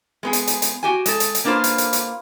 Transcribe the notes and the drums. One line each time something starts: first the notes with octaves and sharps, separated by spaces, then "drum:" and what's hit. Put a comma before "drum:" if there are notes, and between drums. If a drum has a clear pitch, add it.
G#3 B3 G#4
drum: hi-hat
drum: hi-hat
drum: hi-hat
F#4 G4 G#5
G#3 A4, drum: hi-hat
drum: hi-hat
drum: hi-hat
A#3 D4 F4 B4 C5
drum: hi-hat
drum: hi-hat
drum: hi-hat